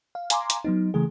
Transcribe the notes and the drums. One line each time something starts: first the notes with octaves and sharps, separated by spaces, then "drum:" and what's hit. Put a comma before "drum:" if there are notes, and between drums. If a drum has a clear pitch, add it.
F5
F5 G#5 A#5 C6 D6, drum: hi-hat
drum: hi-hat
F#3 B3 D#4
C#3 E3 A3 G#4